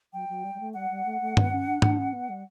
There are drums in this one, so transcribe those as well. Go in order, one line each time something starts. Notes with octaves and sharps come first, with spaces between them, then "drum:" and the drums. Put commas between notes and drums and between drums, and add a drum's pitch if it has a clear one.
F#3 G5
F#3
G3
G3
A3
G3 F#5
G3
A3
A3
B3, drum: tom G2
C#4
D4
D4, drum: tom
C#4
B3
G3